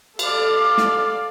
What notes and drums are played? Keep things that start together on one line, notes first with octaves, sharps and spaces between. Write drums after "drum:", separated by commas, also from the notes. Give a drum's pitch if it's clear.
A4 D5 F5, drum: cymbal
drum: snare